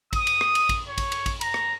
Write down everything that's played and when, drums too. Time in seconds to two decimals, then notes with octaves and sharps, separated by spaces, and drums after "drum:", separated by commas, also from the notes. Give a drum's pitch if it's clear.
0.13 D#6, drum: kick A1, cymbal
0.27 drum: cymbal
0.41 drum: rim click
0.55 drum: cymbal
0.69 drum: kick A1, cymbal
0.88 C#5
0.98 drum: kick A1, cymbal
1.12 drum: cymbal
1.26 drum: kick A1, cymbal
1.41 A#5, drum: cymbal
1.54 drum: rim click